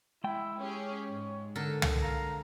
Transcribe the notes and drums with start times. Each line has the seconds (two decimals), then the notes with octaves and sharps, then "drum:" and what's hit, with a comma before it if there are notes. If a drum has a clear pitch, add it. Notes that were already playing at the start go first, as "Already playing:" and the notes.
0.24 G#3 E4 G5
0.60 C#4 G4 G#4 C#5
1.11 G#2
1.56 D3 A4 A#4
1.82 drum: tom
2.02 G#1 F5 A#5